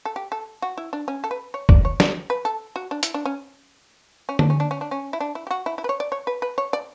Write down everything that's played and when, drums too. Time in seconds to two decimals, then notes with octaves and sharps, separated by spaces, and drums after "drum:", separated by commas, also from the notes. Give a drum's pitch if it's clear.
0.05 A4
0.16 G4
0.32 A4
0.62 F#4
0.77 E4
0.93 D4
1.08 C#4
1.24 A4
1.31 B4
1.54 C#5
1.69 D5, drum: kick
1.85 C#5
2.00 D5, drum: snare
2.30 B4
2.45 A4
2.76 F#4
2.91 D4
3.03 E4, drum: hi-hat
3.14 D4
3.25 C#4
4.29 C#4
4.39 D4, drum: tom D3
4.50 C#4
4.60 D4
4.71 C#4
4.81 D4
4.91 C#4
5.13 E4
5.20 D4
5.35 E4
5.47 G4
5.51 F#4
5.66 E4
5.78 E4
5.84 B4
5.89 C#5
6.00 D5
6.12 C#5
6.27 B4
6.42 B4
6.58 C#5
6.73 D5